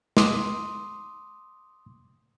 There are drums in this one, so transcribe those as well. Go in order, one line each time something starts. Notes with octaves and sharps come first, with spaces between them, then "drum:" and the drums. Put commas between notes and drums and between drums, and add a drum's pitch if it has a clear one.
C6 D6 D#6, drum: snare